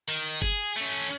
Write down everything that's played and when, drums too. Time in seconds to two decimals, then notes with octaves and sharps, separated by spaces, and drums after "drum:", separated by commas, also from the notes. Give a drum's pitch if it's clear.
0.09 D#3
0.42 G#4, drum: kick G1, tambourine
0.77 A3 C#4
0.95 drum: tambourine